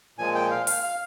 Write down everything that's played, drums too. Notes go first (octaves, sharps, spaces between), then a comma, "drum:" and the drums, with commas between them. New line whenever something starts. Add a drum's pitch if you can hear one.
A#2 F3 G#3 G#5
G5
F5
F5, drum: open hi-hat
F5